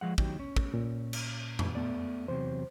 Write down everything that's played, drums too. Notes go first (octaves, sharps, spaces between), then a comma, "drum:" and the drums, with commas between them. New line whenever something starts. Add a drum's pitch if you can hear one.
F3 G#3 F#5
D#3 F#3 G4, drum: kick
C#4
drum: kick
A#2
drum: cymbal
drum: tom F2
A3 B3 D5
E2 C3 F#3 C5